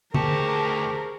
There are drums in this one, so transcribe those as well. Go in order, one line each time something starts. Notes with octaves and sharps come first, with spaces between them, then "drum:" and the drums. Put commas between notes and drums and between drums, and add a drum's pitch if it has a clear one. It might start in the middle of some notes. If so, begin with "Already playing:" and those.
D2 G4 G#4 A#4 C5 A5 C#6, drum: tom D3